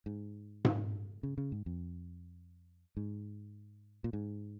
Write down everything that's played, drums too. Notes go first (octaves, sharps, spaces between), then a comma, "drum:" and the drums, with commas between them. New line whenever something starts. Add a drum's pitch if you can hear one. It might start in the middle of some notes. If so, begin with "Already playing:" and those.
G#2
drum: tom G#2
C#3
C#3
G#2
F2
G#2
A#2
G#2